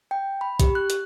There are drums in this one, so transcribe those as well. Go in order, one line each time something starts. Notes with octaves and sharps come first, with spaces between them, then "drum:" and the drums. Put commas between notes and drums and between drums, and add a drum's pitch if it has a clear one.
G5
B5
G4, drum: kick, hi-hat
F#6
drum: hi-hat